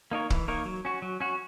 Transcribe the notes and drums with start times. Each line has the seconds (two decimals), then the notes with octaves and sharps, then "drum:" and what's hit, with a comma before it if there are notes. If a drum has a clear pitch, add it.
0.11 A#3 D#4 A#4 C#5
0.30 E3, drum: kick
0.48 A#3 D#4 A#4 C#5
0.66 F#3
0.85 C#4 F#4
1.02 F#3
1.20 C#4 F#4